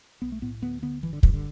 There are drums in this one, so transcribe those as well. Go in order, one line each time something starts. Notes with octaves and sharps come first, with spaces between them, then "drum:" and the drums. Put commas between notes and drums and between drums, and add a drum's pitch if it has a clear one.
B1 B3
A3
A2 B3
D2 B3
D3 B3
G1 E3
D3
G2 E3, drum: kick
D3